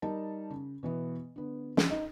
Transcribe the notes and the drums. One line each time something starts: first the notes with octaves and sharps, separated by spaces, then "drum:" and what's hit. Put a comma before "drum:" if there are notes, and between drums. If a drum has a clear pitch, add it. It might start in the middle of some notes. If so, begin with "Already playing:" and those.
G3 D#4 A#4 A5
C#3
B2 E3 B3
D3 B3
drum: snare
D#4 D#5